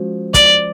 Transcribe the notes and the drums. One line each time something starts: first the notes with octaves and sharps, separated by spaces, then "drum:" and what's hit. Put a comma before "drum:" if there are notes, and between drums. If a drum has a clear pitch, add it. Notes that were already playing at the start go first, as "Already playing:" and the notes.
Already playing: F3 G#3 C#4 F#4
D5, drum: kick, hi-hat